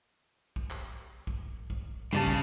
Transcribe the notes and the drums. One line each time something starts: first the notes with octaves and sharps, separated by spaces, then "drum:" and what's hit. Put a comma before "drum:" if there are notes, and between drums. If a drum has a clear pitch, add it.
drum: kick
drum: clap
drum: kick
drum: kick
G2 C#3 D5 A5
drum: kick